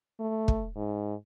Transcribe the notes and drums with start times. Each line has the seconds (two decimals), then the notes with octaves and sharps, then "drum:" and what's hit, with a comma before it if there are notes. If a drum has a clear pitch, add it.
0.20 A3
0.48 drum: kick
0.76 G#2